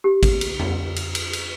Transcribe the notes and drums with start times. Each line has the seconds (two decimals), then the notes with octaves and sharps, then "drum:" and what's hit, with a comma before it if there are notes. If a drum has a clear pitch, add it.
0.04 G4
0.23 drum: kick, cymbal
0.41 drum: cymbal
0.59 drum: tom F2
0.96 drum: cymbal
1.15 drum: cymbal
1.33 drum: cymbal